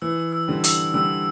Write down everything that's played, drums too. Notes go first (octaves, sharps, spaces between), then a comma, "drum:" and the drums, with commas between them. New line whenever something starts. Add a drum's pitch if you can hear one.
E3 E6
E6
D3 G3
E6, drum: hi-hat
D3 G3 E6